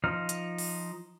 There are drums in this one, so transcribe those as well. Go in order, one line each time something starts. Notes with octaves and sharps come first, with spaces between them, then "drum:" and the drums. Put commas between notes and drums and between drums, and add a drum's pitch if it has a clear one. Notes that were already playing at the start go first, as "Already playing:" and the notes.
F3 D#4 F6
drum: hi-hat
drum: open hi-hat